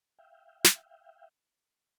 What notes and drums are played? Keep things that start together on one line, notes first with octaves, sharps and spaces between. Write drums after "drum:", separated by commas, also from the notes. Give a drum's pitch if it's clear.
E5 F5 G5
drum: snare